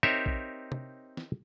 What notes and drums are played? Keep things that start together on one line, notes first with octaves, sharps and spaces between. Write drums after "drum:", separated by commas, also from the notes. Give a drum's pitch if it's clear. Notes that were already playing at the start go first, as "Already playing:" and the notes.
C4 D#4 G4 A#4 C#5 E5
drum: kick
drum: tom
drum: snare